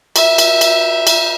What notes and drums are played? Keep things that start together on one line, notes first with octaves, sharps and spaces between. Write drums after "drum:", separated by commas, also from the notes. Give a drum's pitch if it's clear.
E5, drum: cymbal
drum: cymbal
drum: cymbal
drum: cymbal